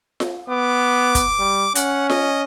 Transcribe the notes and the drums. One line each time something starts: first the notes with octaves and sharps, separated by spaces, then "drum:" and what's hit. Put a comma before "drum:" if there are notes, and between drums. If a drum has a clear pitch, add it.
drum: snare F4
B3 D6
drum: kick, hi-hat
G3
C#4 F#5, drum: hi-hat
D#5, drum: snare F4